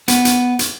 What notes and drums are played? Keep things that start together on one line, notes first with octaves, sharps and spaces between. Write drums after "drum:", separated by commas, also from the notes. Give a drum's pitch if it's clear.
B3, drum: hi-hat
drum: hi-hat
drum: hi-hat